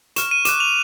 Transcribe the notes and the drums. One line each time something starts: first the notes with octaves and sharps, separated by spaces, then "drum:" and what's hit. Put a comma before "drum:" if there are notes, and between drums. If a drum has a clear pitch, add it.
C#6 F6 E7, drum: hi-hat
D#7
D6 F#6 E7, drum: hi-hat
F7